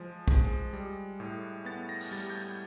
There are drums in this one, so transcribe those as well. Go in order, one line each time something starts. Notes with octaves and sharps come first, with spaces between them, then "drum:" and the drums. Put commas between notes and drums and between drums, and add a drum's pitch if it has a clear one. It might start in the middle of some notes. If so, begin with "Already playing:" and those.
Already playing: F3 G#3
G#3, drum: kick
G3
A2
B3 A6
A#6
drum: cymbal
G3 A6
G6
G#6